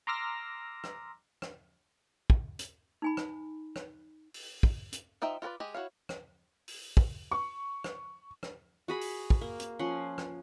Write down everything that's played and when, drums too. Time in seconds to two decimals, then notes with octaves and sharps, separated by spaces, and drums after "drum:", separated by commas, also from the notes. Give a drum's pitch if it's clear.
0.07 A#5 C6 D6 E6 F6 A#6
0.84 drum: rim click
1.42 drum: rim click
2.30 drum: kick
2.59 drum: hi-hat
3.02 D#4 G#5 B5
3.17 drum: rim click
3.76 drum: rim click
4.34 drum: open hi-hat
4.63 drum: kick
4.92 drum: hi-hat
5.22 F3 D#4 E5 G5
5.42 F4 F#4 A#4 B4 D5
5.60 G#3 G4 G#4 D#5
5.74 E4 F#4 A#4 C#5 F5
6.09 drum: rim click
6.68 drum: open hi-hat
6.97 drum: kick
7.31 C#6
7.84 drum: rim click
8.43 drum: rim click
8.88 F#4 G#4 B5
9.01 drum: open hi-hat
9.30 drum: kick
9.41 A#3
9.60 drum: hi-hat
9.79 F3 C#4 F#5 C6
10.18 drum: rim click